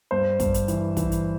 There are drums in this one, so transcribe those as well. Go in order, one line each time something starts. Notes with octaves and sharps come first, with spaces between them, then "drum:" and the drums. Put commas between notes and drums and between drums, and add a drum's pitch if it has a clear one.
G2 C5
G2, drum: kick, hi-hat
drum: hi-hat
E3, drum: hi-hat
E3, drum: kick, hi-hat
drum: hi-hat